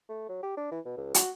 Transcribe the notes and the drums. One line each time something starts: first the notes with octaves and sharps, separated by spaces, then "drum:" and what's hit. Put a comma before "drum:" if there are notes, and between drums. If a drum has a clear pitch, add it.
A3
F#3
G4
D4
E3
B2
C#2
F#4, drum: hi-hat